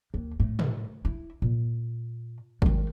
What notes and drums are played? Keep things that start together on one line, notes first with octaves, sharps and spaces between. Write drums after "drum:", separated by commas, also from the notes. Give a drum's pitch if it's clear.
D#2
A2
drum: tom
E4
A#2
D#3 G#3, drum: kick